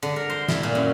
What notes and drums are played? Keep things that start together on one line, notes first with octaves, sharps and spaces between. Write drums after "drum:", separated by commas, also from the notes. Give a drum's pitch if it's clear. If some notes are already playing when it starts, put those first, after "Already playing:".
D3
A#4
C5
E4, drum: snare
A#2
F#2